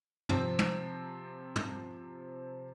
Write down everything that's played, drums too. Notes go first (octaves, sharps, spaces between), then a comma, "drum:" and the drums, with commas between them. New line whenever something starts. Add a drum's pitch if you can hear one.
C3 F3 C4, drum: tom
drum: tom
drum: tom